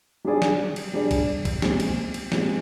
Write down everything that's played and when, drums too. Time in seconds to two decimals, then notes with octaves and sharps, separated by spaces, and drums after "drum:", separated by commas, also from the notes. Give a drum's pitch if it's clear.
0.25 G3 D4 G#4 D5
0.42 drum: snare
0.76 drum: cymbal
0.93 G3 D4 G#4 D5
1.11 drum: kick, cymbal
1.45 drum: kick, cymbal
1.62 A#2 F3 G#3 C4 G4, drum: snare
1.80 drum: cymbal
2.14 drum: cymbal
2.32 A#2 F3 G#3 C4 G4, drum: snare